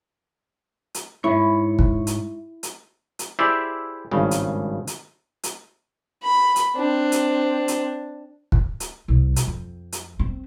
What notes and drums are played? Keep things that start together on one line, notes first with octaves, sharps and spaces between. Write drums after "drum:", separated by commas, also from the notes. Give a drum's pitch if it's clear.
drum: hi-hat
G#2 E4 C#5
drum: kick
drum: hi-hat
drum: hi-hat
drum: hi-hat
E4 G4 G#4 C5 D5 E5
G#1 G2 C#3
drum: hi-hat
drum: hi-hat
drum: hi-hat
B5
drum: hi-hat
C4 D4
drum: hi-hat
drum: hi-hat
drum: kick
drum: hi-hat
C2
drum: hi-hat
F2
drum: hi-hat
C4